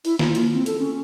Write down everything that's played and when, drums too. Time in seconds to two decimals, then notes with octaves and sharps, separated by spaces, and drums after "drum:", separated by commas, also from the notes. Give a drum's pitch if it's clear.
0.05 E4, drum: open hi-hat
0.19 F4, drum: snare
0.35 A#3, drum: hi-hat
0.53 C4
0.66 A4, drum: hi-hat
0.79 C#4